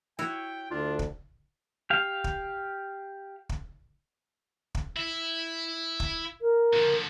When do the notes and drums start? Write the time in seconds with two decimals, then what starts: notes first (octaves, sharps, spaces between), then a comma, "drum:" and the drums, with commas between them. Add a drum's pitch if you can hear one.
0.19 E4 F#4 C#5 G5
0.71 D2 D4 F4
0.99 drum: kick
1.90 G4 F5
2.24 drum: kick
3.49 drum: kick
4.75 drum: kick
4.96 E4
6.00 drum: kick
6.41 A#4
6.73 D3 F3